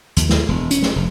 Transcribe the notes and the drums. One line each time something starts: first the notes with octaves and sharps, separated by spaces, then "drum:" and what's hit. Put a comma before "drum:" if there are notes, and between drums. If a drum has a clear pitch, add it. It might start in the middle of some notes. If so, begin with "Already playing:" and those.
D#2, drum: hi-hat
drum: snare
E1
C#4, drum: hi-hat
drum: snare
F1